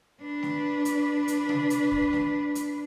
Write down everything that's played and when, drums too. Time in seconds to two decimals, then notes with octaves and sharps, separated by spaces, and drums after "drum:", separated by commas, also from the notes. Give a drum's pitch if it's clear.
0.21 D4 B4
0.43 drum: snare A3
0.85 drum: hi-hat
1.28 drum: hi-hat
1.49 drum: tom C3
1.70 drum: hi-hat
1.91 drum: kick
2.13 drum: snare A3
2.55 drum: hi-hat